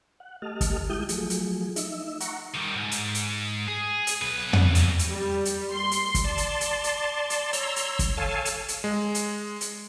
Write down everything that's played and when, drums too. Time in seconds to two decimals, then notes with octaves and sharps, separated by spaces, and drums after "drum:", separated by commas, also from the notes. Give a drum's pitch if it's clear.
0.20 F#5
0.42 A3 G4 D#5 A5 F6
0.61 drum: kick, hi-hat
0.90 G#3 E4 G4 D#6 G6
1.09 F3 F#3 A3 G#4, drum: hi-hat
1.30 drum: hi-hat
1.76 D#4 E5, drum: hi-hat
2.20 F#5 A#5 C#6, drum: hi-hat
2.54 D#3 G3
2.75 G#2
2.91 drum: hi-hat
3.15 drum: hi-hat
3.68 G#4
4.07 drum: hi-hat
4.22 B1 B4
4.53 drum: tom
4.75 C2 G#2, drum: hi-hat
4.99 drum: hi-hat
5.10 G3
5.45 drum: hi-hat
5.71 C6
5.92 drum: hi-hat
6.15 drum: kick, hi-hat
6.24 D5 A5 C6
6.38 drum: hi-hat
6.61 drum: hi-hat
6.84 drum: hi-hat
7.30 drum: hi-hat
7.53 C#5 A#5 C6 E6, drum: hi-hat
7.76 drum: hi-hat
7.99 drum: kick, hi-hat
8.17 A4 C#5 F5 G#5 A5
8.45 drum: hi-hat
8.68 drum: hi-hat
8.84 G#3
9.15 drum: hi-hat
9.61 drum: hi-hat